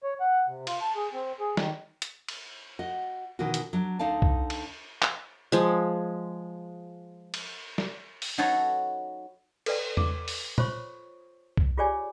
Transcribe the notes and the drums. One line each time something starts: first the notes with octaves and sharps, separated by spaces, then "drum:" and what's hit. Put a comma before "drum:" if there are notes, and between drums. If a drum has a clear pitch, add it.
C#5
F#5
C3
F4, drum: cymbal
A5
G#4
C4
G#4
D#3, drum: snare
drum: hi-hat
drum: cymbal
F#4 D#5 F#5
B2 D#3 E3 C#4 F#4
drum: hi-hat
F#3 D4
D2 D3 D#4 D5 F5 A5
drum: kick C2
drum: cymbal
drum: clap
F3 G#3
drum: cymbal
drum: snare
drum: open hi-hat
F#3 D#4 F#4 A4 B4 C#5
A4 B4 D5 G5, drum: cymbal
D6, drum: tom E2
drum: open hi-hat
F4 C5 C#5 C6 C#6, drum: tom
drum: kick C2
F4 G4 G#4 C#5 D5 G#5